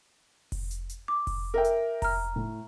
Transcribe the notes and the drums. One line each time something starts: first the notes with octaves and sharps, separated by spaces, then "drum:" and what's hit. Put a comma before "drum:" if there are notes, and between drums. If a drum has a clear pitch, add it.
drum: kick F1, open hi-hat
drum: hi-hat
drum: hi-hat
D6
drum: kick F1, open hi-hat
A#4 E5 G5
drum: hi-hat
A#5 F6, drum: kick F1, open hi-hat
A2